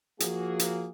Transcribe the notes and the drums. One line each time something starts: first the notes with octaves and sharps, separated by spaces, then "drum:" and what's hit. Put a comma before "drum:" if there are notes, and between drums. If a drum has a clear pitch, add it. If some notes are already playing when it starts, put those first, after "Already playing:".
F3 A#3 F#4 G#4, drum: hi-hat
drum: hi-hat